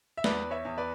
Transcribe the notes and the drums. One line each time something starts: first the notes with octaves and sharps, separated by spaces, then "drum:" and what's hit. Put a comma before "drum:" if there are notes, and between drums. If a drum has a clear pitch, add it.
E5
E2 B4 D5, drum: snare
C#5 E5
E2
B4 D5